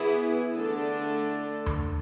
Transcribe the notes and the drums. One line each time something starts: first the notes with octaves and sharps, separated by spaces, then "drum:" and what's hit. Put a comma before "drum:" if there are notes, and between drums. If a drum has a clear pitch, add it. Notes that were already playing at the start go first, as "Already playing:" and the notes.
Already playing: E3 B3 E4 G#4
D3 A3 D4 A4
drum: tom D2